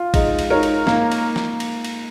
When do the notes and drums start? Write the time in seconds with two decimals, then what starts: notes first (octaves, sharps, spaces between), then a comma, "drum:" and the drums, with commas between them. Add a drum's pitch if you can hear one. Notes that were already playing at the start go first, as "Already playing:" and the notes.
Already playing: F4
0.14 G#3 D#4, drum: kick, cymbal
0.39 drum: cymbal
0.50 D#4 A#4 C#5
0.63 drum: cymbal
0.87 A#3, drum: snare
1.12 drum: cymbal
1.36 drum: snare
1.60 drum: cymbal
1.84 drum: cymbal